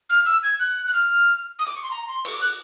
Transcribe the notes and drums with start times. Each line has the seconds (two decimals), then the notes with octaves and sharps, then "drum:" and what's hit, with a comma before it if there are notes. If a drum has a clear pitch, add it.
0.10 F6
0.26 E6
0.43 G#6
0.59 F#6
0.87 F#6
0.93 F6
1.59 D#6
1.66 D6, drum: hi-hat
1.76 C#6
1.83 C6
1.91 A#5
2.08 C6
2.25 C#6, drum: open hi-hat
2.33 D6
2.41 F#6